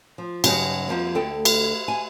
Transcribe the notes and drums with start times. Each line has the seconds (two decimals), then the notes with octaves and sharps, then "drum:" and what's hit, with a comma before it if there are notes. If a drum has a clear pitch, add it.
0.18 F3
0.44 G2 C#3 F#3 D#4 G4 F#5, drum: cymbal
0.88 F2 G#2 F3 G3 A#3 B3
1.15 D2 A4 G5
1.45 drum: cymbal
1.88 G#5